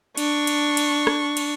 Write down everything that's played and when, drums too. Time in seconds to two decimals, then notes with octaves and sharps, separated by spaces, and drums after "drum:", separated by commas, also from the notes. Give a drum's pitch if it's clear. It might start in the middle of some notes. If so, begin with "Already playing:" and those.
0.17 D4 C#6, drum: cymbal
0.47 drum: cymbal
0.77 drum: cymbal
1.07 drum: rim click
1.37 drum: cymbal